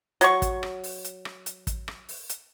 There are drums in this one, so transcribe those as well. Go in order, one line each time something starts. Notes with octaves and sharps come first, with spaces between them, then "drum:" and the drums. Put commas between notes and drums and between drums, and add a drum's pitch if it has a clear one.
F#3 C#6, drum: hi-hat
drum: kick, hi-hat
drum: rim click
drum: open hi-hat
drum: hi-hat
drum: rim click
drum: hi-hat
drum: kick, hi-hat
drum: rim click
drum: open hi-hat
drum: hi-hat